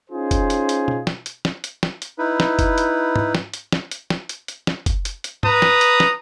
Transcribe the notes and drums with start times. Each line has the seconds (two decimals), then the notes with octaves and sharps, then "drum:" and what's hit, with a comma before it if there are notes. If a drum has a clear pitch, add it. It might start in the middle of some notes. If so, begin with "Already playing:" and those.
0.10 C#4 D#4 F4 G#4 C5
0.31 drum: kick F#1, hi-hat
0.50 drum: hi-hat
0.69 drum: hi-hat
0.88 drum: tom
1.07 drum: snare
1.26 drum: hi-hat
1.45 drum: snare
1.64 drum: hi-hat
1.83 drum: snare
2.02 drum: hi-hat
2.18 D#4 E4 B4
2.40 drum: snare
2.59 drum: kick F#1, hi-hat
2.78 drum: hi-hat
3.16 drum: tom
3.35 drum: snare
3.54 drum: hi-hat
3.72 drum: snare
3.91 drum: hi-hat
4.10 drum: snare
4.29 drum: hi-hat
4.48 drum: hi-hat
4.67 drum: snare
4.86 drum: kick F#1, hi-hat
5.05 drum: hi-hat
5.24 drum: hi-hat
5.43 B4 A#5 D#6, drum: tom
5.62 drum: snare
5.81 drum: hi-hat
6.00 drum: snare